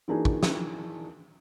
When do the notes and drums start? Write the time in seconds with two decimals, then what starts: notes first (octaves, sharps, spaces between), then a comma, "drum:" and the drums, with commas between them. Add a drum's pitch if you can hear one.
0.08 E3 A#3 D4 D#4 F#4 G#4
0.25 drum: kick
0.43 drum: snare